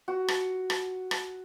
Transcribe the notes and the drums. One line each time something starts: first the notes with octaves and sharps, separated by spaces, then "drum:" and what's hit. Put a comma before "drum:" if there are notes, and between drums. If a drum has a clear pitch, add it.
F#4
drum: rim click
drum: rim click
drum: rim click